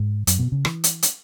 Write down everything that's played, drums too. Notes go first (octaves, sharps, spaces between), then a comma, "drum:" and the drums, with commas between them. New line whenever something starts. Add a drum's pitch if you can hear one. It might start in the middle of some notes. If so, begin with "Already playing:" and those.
Already playing: G#2
F#2, drum: hi-hat
B2
C#3
E3, drum: rim click
drum: hi-hat
drum: hi-hat